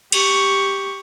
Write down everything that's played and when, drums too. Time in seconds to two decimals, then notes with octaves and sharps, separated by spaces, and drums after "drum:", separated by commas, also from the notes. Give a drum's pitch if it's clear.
0.12 G4 C#6, drum: cymbal